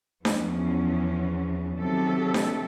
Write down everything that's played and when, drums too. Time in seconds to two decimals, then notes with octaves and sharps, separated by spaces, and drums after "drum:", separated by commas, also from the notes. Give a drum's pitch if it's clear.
0.25 E2 E3 F3 B3 C#4, drum: snare D4
1.78 C3 D#3 F#3 G4 A4
2.34 drum: snare D4